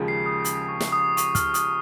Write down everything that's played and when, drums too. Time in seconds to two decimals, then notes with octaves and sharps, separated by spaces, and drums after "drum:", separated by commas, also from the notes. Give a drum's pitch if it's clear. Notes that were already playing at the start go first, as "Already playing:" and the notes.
Already playing: D#2 C#3 F3 G#3
0.08 C7
0.26 D#6
0.45 D#6, drum: hi-hat
0.68 C#6
0.81 drum: snare
0.92 D#6
1.17 C#6, drum: hi-hat
1.35 F6, drum: kick, hi-hat
1.54 D#6, drum: hi-hat